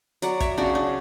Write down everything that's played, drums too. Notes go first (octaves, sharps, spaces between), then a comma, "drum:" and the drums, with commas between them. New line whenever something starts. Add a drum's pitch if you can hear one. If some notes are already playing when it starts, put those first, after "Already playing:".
F#3 D5 F#5, drum: hi-hat
C#5 E5, drum: kick, hi-hat
C#3 D4 F#4
D4